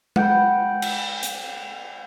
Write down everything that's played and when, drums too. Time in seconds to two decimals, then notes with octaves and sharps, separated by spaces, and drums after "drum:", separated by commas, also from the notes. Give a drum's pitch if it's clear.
0.16 F#5 G5 B5, drum: tom G#3
0.82 drum: cymbal
1.23 drum: hi-hat